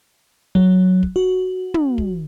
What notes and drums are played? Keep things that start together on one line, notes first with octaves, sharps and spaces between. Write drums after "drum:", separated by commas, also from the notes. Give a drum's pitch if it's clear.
F#3, drum: kick
drum: kick
F#4
drum: tom
drum: kick